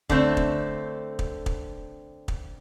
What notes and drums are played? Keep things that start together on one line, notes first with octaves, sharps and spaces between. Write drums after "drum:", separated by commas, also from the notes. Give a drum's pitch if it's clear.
D3 A3 C4, drum: kick
drum: kick
drum: kick
drum: kick
drum: kick